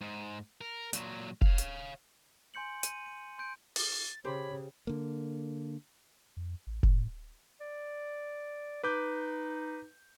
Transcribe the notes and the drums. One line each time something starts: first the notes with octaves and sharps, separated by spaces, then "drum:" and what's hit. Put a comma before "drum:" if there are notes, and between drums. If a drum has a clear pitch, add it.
G#2
A#4
A#2 F#3, drum: hi-hat
C#5 F5, drum: kick F1
drum: hi-hat
G#5 C6 G6 C#7 F#7
D#7, drum: hi-hat
D#7
C6 G6 D7
A6, drum: open hi-hat
C#3 G4 C5 C#5 B5
D3 A#3
F2
A1
A2, drum: kick F1
D5
D#4 B4 D6 G6